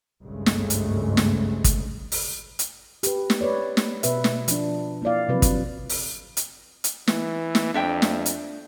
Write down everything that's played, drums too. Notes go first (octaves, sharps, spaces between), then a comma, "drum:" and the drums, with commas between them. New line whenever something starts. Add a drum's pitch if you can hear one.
G#1 C#2 G2 C#3 G#3 A3
drum: snare
drum: hi-hat
drum: snare
drum: kick, hi-hat
drum: open hi-hat
drum: hi-hat
G4 B4, drum: hi-hat
drum: snare
B4 C#5 D5
drum: snare
B2 B4 E5, drum: hi-hat
drum: snare
F3 D4, drum: hi-hat
A#3 E4 D5 F5
C3 F3 F#3 B4
drum: kick, hi-hat
drum: open hi-hat
drum: hi-hat
drum: hi-hat
E3, drum: snare
drum: snare
F2 D4 E5 G5
drum: snare
drum: hi-hat